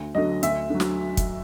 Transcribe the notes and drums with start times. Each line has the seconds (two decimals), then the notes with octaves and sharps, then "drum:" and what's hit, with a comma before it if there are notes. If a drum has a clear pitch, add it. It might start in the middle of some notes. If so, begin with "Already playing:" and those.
Already playing: D2
0.15 D3 F#3 D#5
0.43 D2 E5, drum: hi-hat
0.70 D3 F#3
0.80 drum: snare
1.17 drum: kick, hi-hat